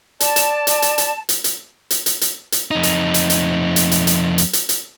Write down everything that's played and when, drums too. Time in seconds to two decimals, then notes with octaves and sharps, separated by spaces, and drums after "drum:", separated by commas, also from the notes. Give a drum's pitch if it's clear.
0.20 D5 A5, drum: hi-hat
0.36 drum: hi-hat
0.67 drum: hi-hat
0.82 drum: hi-hat
0.98 drum: hi-hat
1.29 drum: hi-hat
1.44 drum: hi-hat
1.91 drum: hi-hat
2.06 drum: hi-hat
2.21 drum: hi-hat
2.52 drum: hi-hat
2.71 F2 D#4
2.83 drum: hi-hat
3.14 drum: hi-hat
3.30 drum: hi-hat
3.76 drum: hi-hat
3.91 drum: hi-hat
4.07 drum: hi-hat
4.38 drum: hi-hat
4.53 drum: hi-hat
4.69 drum: hi-hat